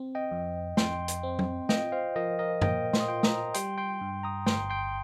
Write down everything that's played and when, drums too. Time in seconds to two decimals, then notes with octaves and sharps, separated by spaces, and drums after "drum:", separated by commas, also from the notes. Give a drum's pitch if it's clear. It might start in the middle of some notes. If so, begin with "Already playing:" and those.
Already playing: C4
0.15 D#5 G5
0.32 F2
0.77 F2 G5 C6, drum: snare
1.08 drum: hi-hat
1.23 C4
1.39 drum: tom
1.69 F4 D#5 G5, drum: snare
1.92 C5 F5
2.16 F3 A#4 D#5
2.39 A#4 D#5
2.62 A#2 D#5 G5, drum: tom F#2
2.93 C6, drum: snare
3.00 D#6
3.08 F4 G5 C6
3.23 A#5 D#6, drum: snare
3.54 G3 G5 C6, drum: hi-hat
3.78 G5 C6
4.01 G2
4.23 A#5 D#6
4.46 G1 G5 C6, drum: snare
4.70 G5 C6